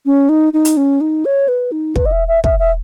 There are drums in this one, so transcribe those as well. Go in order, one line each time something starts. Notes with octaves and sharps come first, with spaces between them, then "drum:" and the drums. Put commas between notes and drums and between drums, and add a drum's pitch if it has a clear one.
C#4
D#4
D#4
drum: hi-hat
C#4
D#4
C#5
B4
D#4
B4, drum: kick
D#5
E5
E5
E5, drum: kick
E5